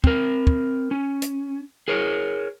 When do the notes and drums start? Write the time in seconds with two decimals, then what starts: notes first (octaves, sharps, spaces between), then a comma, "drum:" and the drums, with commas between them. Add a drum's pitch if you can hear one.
0.04 C4 A#4, drum: kick
0.47 drum: kick
0.91 C#4
1.22 drum: hi-hat
1.88 G#4 A#4 C#5